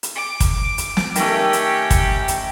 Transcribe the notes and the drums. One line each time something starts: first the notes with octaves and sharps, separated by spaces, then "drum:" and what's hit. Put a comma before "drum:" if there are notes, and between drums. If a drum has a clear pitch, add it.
drum: hi-hat
D6
drum: kick, hi-hat
drum: hi-hat
drum: snare
D#3 A3 C#4 G4, drum: hi-hat
drum: hi-hat
drum: kick, hi-hat
drum: hi-hat